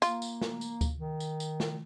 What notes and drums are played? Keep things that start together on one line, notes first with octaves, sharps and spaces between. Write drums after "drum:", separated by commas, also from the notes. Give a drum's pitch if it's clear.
A#3 F4, drum: tambourine
drum: tambourine
drum: snare
drum: tambourine
drum: kick D2, tambourine
D#3
drum: tambourine
drum: tambourine
drum: snare